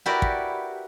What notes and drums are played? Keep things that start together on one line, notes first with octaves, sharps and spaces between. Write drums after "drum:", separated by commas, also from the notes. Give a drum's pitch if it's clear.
E4 F#4 G4 A#4 B4 D5
drum: kick